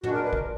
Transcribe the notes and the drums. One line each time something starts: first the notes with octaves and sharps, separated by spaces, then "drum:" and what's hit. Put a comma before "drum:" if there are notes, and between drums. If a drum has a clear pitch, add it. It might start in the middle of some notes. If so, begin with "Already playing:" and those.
A#2 G#3 D4 F#4, drum: tom
A#4
B4
A#4, drum: kick